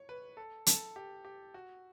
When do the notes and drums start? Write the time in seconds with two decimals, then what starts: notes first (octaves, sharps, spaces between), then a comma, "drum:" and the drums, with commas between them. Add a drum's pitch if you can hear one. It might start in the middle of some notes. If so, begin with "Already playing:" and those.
Already playing: C#5
0.09 B4
0.37 A4
0.66 A4, drum: hi-hat
0.96 G4
1.25 G4
1.54 F#4